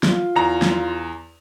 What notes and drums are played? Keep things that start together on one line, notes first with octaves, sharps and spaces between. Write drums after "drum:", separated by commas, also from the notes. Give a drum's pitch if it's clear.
F4, drum: snare
E2 A#5
drum: snare